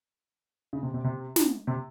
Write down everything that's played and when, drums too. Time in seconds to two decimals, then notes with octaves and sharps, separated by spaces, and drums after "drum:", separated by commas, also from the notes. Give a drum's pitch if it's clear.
0.73 C#3
0.83 C3
0.94 C3
1.04 C3
1.36 drum: snare
1.67 C3